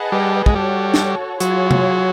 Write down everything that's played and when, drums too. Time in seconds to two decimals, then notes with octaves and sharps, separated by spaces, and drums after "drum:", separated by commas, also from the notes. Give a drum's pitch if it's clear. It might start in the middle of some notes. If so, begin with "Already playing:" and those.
Already playing: G#4 B4 D#5 F#5 A5
0.12 G3
0.46 G#3, drum: kick
0.55 G3 F#4 A4 C#5
0.94 drum: snare
1.40 F#3 F4 G#4 C#5, drum: hi-hat
1.71 drum: tom C3